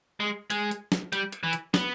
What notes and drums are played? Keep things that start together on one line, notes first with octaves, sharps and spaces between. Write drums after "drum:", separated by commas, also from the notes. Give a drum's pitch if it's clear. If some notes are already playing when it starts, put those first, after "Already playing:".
G#3
G#3, drum: hi-hat
drum: hi-hat
drum: snare
G3, drum: hi-hat
drum: hi-hat
E3
drum: hi-hat
B3, drum: snare